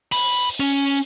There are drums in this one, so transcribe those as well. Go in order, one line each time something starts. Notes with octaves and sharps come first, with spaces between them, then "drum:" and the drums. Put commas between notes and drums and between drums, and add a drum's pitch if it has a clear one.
B5, drum: open hi-hat
C#4